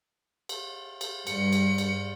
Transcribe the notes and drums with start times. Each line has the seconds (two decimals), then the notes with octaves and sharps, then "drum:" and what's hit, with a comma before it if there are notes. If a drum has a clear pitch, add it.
0.49 drum: cymbal
1.01 drum: cymbal
1.27 G2 C#7, drum: cymbal
1.52 drum: cymbal
1.78 drum: cymbal